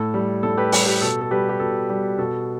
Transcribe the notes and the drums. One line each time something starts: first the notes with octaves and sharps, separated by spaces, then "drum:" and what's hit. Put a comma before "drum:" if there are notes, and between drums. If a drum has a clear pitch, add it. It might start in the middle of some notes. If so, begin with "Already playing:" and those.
Already playing: A2 A4
G3
A2 A4
G4 B4
G3 G4, drum: open hi-hat
G4 B4
B2 A4
A4
G3 G4 B4
G4
B2 A4
G3 G4
B2 A4